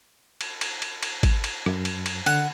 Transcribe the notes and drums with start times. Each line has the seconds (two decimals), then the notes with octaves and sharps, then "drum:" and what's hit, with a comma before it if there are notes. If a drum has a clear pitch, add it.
0.41 drum: cymbal
0.61 drum: cymbal
0.82 drum: cymbal
1.03 drum: cymbal
1.23 drum: kick G#1, cymbal
1.44 drum: cymbal
1.66 F#2, drum: rim click
1.85 drum: cymbal
2.06 drum: cymbal
2.26 D3 F#5, drum: cymbal